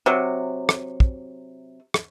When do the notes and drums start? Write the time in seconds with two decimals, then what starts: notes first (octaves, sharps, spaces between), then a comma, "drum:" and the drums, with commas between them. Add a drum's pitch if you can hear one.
0.06 C3 F#3
0.69 drum: rim click
1.00 drum: kick
1.94 drum: rim click